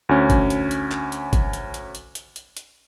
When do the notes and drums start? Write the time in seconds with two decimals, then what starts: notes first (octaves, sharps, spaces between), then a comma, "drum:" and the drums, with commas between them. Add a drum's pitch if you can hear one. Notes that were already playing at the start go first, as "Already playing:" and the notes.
0.09 D2 C#4
0.30 drum: kick, hi-hat
0.50 drum: hi-hat
0.71 drum: hi-hat
0.92 drum: clap
1.12 drum: hi-hat
1.33 drum: kick, hi-hat
1.53 drum: hi-hat
1.74 drum: hi-hat
1.95 drum: hi-hat
2.15 drum: hi-hat
2.36 drum: hi-hat
2.57 drum: hi-hat